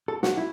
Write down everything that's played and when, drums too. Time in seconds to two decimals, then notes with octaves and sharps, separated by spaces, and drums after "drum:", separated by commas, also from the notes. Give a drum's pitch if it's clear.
0.08 A4
0.23 F#4, drum: snare
0.38 E4